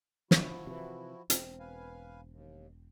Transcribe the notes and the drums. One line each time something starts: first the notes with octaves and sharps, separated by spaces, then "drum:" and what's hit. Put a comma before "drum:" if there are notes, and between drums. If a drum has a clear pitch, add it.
F3 E4 F#4, drum: snare
C3 E3
E1 C4, drum: hi-hat
B4 F5 G#5
D#2